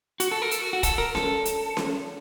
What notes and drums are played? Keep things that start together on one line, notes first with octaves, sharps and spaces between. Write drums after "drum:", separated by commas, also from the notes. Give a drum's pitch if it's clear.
F#4, drum: hi-hat
A4
A#4
A4, drum: hi-hat
F#4
F#4
A4, drum: kick, hi-hat
A#4
A4, drum: snare C#4
drum: hi-hat
drum: snare C#4